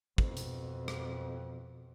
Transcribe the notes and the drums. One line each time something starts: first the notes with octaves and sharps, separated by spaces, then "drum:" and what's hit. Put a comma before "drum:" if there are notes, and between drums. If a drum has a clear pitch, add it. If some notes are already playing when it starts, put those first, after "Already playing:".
F2 B2, drum: kick
drum: hi-hat
drum: rim click